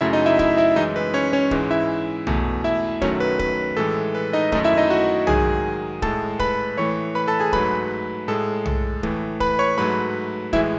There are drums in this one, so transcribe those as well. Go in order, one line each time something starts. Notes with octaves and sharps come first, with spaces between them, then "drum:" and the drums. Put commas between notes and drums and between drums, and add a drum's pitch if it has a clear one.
F#2 C#3 F#3 A3 E4 E5
D#4 D#5
E4 E5
E4 E5, drum: kick
E4 E5
F#2 E3 G#3 D#4 D#5
B4
C#4 C#5
C#4 C#5
G#2 E3 G#3, drum: kick
E4 E5
E2 B2 A3, drum: tom B1
E4 E5
F#2 D#3 F#3 A3 C#4 C#5, drum: kick
B4
B4, drum: kick
A2 E3 G#3 A4
B4
D#4 D#5
F#2 D#3 A3 D#4 D#5, drum: kick
E4 E5
D#4 D#5
F#4 F#5
G#2 D#3 F#3 G#4 G#5, drum: tom B1
A2 G#3 A4 A5, drum: kick
B4 B5, drum: kick
A2 E3 A3 C#5 C#6
B4 B5
A4 A5
G#4 G#5
G#2 F#3 A3 B4 B5, drum: kick
A2 G#3 A4 A5
drum: tom B1
A2 E3 A3, drum: kick
B4 B5, drum: kick
C#5 C#6
G#2 F#3 A3 B4 B5
A2 E3 G#3 E4 E5, drum: kick